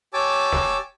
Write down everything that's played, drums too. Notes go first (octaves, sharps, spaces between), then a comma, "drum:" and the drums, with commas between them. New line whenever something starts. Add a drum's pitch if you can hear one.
G4 C#5 G#5 A5 D6 E6
drum: snare